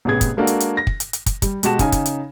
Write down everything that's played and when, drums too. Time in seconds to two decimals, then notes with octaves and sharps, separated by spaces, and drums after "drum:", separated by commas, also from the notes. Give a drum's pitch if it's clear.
0.05 A1 C3 B3 G#4 G#6
0.21 drum: kick, hi-hat
0.37 G#3 A#3 D4 F#4 A4
0.47 drum: hi-hat
0.60 drum: hi-hat
0.77 A#6
0.87 drum: kick
1.00 drum: hi-hat
1.13 drum: hi-hat
1.26 drum: kick, hi-hat
1.42 G3, drum: kick, hi-hat
1.63 B2 G#3 F#4 G4 A5 E7, drum: hi-hat
1.79 C#3 D#4 G#5, drum: kick, hi-hat
1.92 drum: kick, hi-hat
2.06 drum: hi-hat